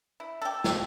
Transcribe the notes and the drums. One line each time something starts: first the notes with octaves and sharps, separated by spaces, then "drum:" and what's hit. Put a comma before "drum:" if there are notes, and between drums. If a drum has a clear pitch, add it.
E4
G4 A4
F#3 A3 G4, drum: snare